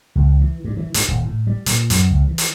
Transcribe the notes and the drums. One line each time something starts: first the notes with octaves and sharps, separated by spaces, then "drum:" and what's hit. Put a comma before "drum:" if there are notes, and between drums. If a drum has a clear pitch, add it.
C#2
E3
G2
E3
G2, drum: hi-hat
D#1
A2
G3
A#2, drum: hi-hat
F#2, drum: hi-hat
C#2
E3
drum: hi-hat